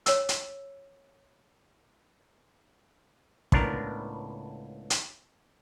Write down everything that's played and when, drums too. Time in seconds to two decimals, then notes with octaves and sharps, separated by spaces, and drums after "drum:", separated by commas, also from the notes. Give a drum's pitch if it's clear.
0.06 C#5 E6, drum: hi-hat
0.29 drum: hi-hat
3.52 C#2 A2 B3 D4 A#4 A#5, drum: kick
4.90 drum: hi-hat